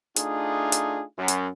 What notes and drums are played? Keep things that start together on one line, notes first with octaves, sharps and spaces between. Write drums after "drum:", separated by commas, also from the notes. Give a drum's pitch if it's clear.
A3 D4 D#4 F4 G#4, drum: hi-hat
drum: hi-hat
F#2
drum: hi-hat